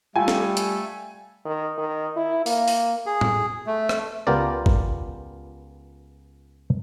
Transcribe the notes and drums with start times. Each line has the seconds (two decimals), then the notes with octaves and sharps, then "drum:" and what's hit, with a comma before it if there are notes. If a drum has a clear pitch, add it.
0.16 G3 A3 F4 G5 G#5
0.28 drum: snare
0.57 drum: hi-hat
1.45 D#3
1.78 D#3
2.17 E4
2.46 A#3, drum: open hi-hat
2.68 drum: open hi-hat
3.06 G#4
3.21 drum: tom A2
3.67 A3
3.89 drum: rim click
4.27 C#2 B3 F4 G4 A#4 D5
4.66 drum: kick G#1